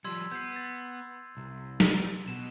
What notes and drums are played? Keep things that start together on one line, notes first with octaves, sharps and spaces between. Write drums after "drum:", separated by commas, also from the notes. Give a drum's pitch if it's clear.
F3 G3 C6 E6 G#6
B3 G6 C7
A6
C2
drum: snare
B2 B3 E7